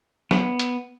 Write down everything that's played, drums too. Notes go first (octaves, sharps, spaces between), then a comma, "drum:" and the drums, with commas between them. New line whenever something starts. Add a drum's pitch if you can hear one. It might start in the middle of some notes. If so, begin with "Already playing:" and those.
B3, drum: snare
drum: hi-hat